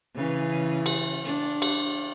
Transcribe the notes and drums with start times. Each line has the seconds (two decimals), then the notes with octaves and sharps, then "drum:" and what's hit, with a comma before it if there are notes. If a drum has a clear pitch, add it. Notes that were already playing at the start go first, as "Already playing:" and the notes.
0.16 C#3 E3
0.86 drum: cymbal
1.24 D4
1.62 drum: cymbal